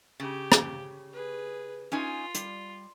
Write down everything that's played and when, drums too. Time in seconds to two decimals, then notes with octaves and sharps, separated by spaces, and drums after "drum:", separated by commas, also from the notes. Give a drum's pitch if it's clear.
0.20 C#3 G4
0.52 drum: rim click
1.13 G#4 B4
1.92 C#4 D#4 F4 G#5
2.35 G3, drum: hi-hat